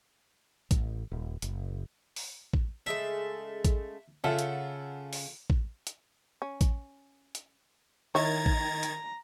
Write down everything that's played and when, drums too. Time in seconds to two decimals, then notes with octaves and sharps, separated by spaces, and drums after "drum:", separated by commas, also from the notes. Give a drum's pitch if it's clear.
0.71 A1, drum: kick A1, hi-hat
1.12 D#1
1.42 F#1, drum: hi-hat
2.16 drum: open hi-hat
2.53 drum: kick A1
2.86 C#3 G#3 A3 E5
3.65 drum: kick A1, hi-hat
4.24 C#3 F4 A4 E5 F#5
4.39 drum: hi-hat
5.13 drum: open hi-hat
5.50 drum: kick A1
5.87 drum: hi-hat
6.42 C#4
6.61 drum: kick A1, hi-hat
7.35 drum: hi-hat
8.15 D#3 D#4 E4 C#5 A#5 G#6 A6
8.46 drum: kick A1
8.83 drum: hi-hat